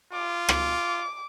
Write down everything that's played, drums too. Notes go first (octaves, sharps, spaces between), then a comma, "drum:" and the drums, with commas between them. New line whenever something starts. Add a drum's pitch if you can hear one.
F4 D6
D6, drum: rim click